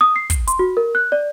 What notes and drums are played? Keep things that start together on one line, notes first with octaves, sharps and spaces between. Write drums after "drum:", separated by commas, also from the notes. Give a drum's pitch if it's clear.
D#6
C7
drum: kick, hi-hat
C6, drum: hi-hat
F#4
A#4
F#6
D5